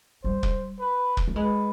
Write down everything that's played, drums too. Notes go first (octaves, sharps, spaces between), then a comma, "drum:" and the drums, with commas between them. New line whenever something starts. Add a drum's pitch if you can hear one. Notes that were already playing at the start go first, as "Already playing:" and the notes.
G3 C5
drum: kick
B4
drum: kick
A3
G#3 B4